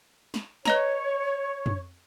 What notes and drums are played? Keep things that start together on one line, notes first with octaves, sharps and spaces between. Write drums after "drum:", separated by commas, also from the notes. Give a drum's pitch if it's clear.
drum: snare
B4 C#5 D#5 A#5 C#6, drum: snare
drum: tom